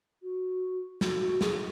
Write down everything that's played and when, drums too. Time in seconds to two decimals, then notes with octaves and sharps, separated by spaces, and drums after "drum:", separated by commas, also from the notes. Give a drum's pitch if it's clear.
0.23 F#4
1.01 F#4, drum: snare
1.21 F#4
1.41 G#4, drum: snare